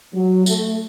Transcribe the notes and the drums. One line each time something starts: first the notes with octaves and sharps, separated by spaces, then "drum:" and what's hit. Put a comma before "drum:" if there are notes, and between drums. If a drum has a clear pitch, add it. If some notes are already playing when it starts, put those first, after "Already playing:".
F#3
A3, drum: tambourine